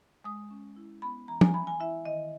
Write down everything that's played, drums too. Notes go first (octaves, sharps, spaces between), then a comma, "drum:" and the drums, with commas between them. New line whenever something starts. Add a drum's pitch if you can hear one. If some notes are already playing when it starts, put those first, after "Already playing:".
G#3 D#6
C#4
E4
B3 B5
E3 A#5
G#5, drum: tom
E3 B5
G#5
E4 E5
D#3 D#5